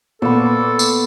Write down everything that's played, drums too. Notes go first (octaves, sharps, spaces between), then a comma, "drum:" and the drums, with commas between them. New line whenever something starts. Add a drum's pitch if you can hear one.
A#2 B3 A4 C#6
drum: tambourine